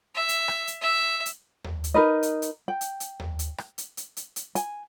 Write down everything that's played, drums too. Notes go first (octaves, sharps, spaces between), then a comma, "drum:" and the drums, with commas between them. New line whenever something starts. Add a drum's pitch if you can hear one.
E5
drum: hi-hat
drum: rim click
drum: hi-hat
E5
drum: hi-hat
drum: tom D#2
drum: hi-hat
D#4 A#4 B4 D#5
drum: hi-hat
drum: hi-hat
G5
drum: hi-hat
drum: hi-hat
drum: tom D#2
drum: hi-hat
drum: rim click
drum: hi-hat
drum: hi-hat
drum: hi-hat
drum: hi-hat
G#5, drum: hi-hat